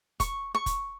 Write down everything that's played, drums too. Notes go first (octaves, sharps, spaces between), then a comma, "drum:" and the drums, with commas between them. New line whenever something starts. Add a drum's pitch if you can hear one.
C#6, drum: kick F1, hi-hat
C#6
drum: kick F1, hi-hat